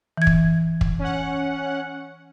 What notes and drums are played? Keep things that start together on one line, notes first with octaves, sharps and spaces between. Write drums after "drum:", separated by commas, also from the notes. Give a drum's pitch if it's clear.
E3 G#6
drum: kick
drum: kick
C#4 F#5